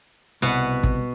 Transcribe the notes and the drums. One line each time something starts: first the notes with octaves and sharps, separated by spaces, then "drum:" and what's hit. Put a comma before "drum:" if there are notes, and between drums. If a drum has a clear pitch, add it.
C2 B2 B4 F#5
drum: kick